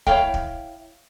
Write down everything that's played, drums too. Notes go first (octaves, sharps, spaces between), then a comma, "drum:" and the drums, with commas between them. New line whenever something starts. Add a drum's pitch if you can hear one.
E4 C#5 F5 G5, drum: kick
drum: kick